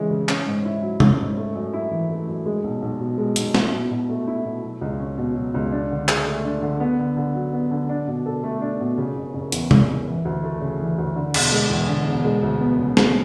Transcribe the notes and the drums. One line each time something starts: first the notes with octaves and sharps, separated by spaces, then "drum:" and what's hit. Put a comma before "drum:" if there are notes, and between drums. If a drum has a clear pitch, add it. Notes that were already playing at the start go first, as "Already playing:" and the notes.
Already playing: C#3 E3 G#3 C#4
C#3
C#4, drum: clap
G#2
E4
F#3
C#4, drum: tom C3
G#2
A3
F#2
E4
E3
A3
F#2
G#3
B1
B1
B2
G#3
B1, drum: hi-hat
E4, drum: snare
B2
B2
A3
E4
B2
F#3
C#2
C#4
B2
F#3
C#2
D4
D3
G#4, drum: clap
A3
D4
D3
B3
D3
D3
F#3
B3
D3
D4
B2
A4
A3
D4
B2
C#3
F#1
F#1
E2, drum: hi-hat
C#3, drum: tom C3
F#1
E3
D2
A3
C#3
E3
D2
D3
E1, drum: cymbal
G#3
E2
D3
E1
G#3
D2
B3
C#3
G#3, drum: snare